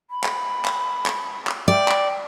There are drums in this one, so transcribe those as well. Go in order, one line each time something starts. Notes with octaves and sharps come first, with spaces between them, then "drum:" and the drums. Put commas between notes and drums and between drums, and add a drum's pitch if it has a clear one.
B5
drum: clap
drum: clap
drum: clap
drum: clap
D5 G5
drum: clap